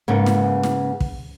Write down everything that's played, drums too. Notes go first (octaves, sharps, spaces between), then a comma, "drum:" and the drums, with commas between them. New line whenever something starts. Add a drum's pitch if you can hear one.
G#2 C#3 A#3 B3
drum: snare
drum: snare
drum: kick